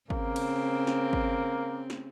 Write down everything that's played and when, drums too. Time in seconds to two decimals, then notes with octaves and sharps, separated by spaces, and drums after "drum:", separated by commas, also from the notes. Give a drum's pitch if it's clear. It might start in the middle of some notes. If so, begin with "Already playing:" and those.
0.10 C#3 A#3 C4, drum: kick G#1
0.36 drum: cymbal
0.87 drum: snare
1.13 drum: kick G#1
1.90 drum: snare